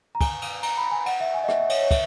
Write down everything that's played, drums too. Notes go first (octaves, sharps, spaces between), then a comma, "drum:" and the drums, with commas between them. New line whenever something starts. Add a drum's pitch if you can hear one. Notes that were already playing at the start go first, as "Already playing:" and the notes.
A#5
G#5, drum: kick, cymbal
drum: cymbal
A#5, drum: cymbal
B5
G#5
F#5, drum: cymbal
E5
G#5
D#5
E5, drum: rim click
E5
C#5, drum: cymbal
C#5
E5, drum: kick, cymbal